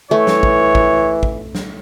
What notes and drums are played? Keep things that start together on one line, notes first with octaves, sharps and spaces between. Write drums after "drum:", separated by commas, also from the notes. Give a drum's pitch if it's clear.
E3 A3 C#5
drum: snare
drum: kick
drum: kick
drum: kick
drum: snare